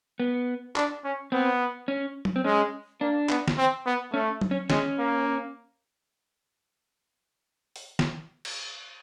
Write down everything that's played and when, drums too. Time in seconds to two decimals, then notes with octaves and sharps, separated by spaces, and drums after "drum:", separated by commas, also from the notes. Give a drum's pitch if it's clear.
0.20 B3
0.76 D4, drum: clap
1.04 C#4
1.32 B3 C4
1.88 C#4
2.25 drum: tom F#3
2.36 C4
2.44 G#3 C#4
3.01 A#3 D4
3.29 B3, drum: clap
3.48 drum: snare
3.57 C4
3.86 B3
4.13 A3 C#4
4.41 drum: tom F#3
4.51 C#4
4.70 G#3 C#4, drum: snare
4.99 A#3
7.76 drum: open hi-hat
7.99 drum: snare
8.45 drum: cymbal